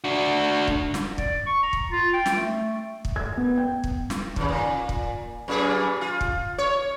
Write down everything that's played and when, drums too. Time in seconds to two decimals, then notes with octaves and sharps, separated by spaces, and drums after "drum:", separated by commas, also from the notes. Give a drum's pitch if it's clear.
0.04 D4 F#4
0.68 drum: kick
0.94 drum: snare
1.18 D5, drum: kick
1.47 C#6
1.63 A#5
1.73 drum: kick
1.91 F4
2.13 G5
2.26 drum: snare
2.37 A3
3.05 drum: kick
3.16 G#6
3.37 B3
3.58 G5
3.84 drum: kick
4.10 drum: snare
4.36 D#2 C#3, drum: kick
4.49 A#2
4.89 drum: kick
5.48 F#2 A#2 G#4
6.01 F4
6.21 drum: kick
6.58 C#5